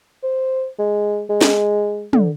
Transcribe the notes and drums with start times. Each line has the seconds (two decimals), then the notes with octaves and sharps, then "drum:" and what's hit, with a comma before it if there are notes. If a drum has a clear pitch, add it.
0.23 C5
0.79 G#3
1.29 G#3
1.41 drum: snare
2.13 D3, drum: tom